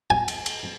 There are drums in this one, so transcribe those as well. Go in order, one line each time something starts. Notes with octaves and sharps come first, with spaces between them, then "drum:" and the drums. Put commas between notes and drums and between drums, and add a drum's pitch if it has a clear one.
G#5
drum: cymbal
drum: cymbal